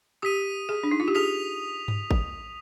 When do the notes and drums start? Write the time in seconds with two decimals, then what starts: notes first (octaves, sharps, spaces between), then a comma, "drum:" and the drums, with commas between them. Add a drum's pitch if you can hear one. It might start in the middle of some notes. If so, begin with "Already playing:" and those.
0.22 G4 D#6 B6 D#7
0.69 G#4
0.83 D4
0.91 D#4
1.00 F4
1.08 G4
1.15 G#4 D#6 B6 F7
1.88 drum: tom G2
2.11 drum: kick G#1